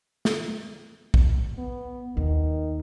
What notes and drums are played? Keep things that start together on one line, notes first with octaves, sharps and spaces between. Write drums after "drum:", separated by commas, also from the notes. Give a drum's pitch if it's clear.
drum: snare
drum: kick
B3
D#2 D#3